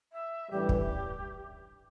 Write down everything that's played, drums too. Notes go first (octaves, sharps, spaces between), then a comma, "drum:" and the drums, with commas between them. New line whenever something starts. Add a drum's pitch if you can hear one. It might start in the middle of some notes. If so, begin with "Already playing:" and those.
E5
A1 G2 E3 G3 G4
drum: kick